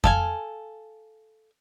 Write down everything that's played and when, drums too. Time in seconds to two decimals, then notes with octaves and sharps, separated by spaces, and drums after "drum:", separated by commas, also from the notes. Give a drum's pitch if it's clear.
0.04 A4 F5 G#5, drum: kick F2